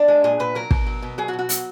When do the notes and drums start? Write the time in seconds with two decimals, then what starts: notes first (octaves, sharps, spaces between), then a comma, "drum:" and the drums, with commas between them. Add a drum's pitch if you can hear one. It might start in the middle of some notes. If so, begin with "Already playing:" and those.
Already playing: D4
0.08 G#3
0.24 A#2 G#4
0.39 A#2 B4
0.55 F#3 A#4
0.71 B2, drum: kick
0.87 F#3
1.02 B2
1.18 F#3 G#4
1.28 F#4
1.33 B2
1.39 F#4
1.49 F#3, drum: hi-hat